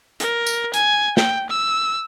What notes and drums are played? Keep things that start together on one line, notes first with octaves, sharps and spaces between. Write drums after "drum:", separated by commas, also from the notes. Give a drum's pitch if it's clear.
A#4, drum: hi-hat
drum: tambourine
G#5, drum: hi-hat
G5, drum: snare
E6